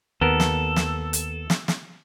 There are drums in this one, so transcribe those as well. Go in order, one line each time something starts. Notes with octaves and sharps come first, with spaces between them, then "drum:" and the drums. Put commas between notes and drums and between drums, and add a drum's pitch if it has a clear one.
D#2 B3 A4 A#4
drum: snare
drum: snare
drum: hi-hat
drum: snare
drum: snare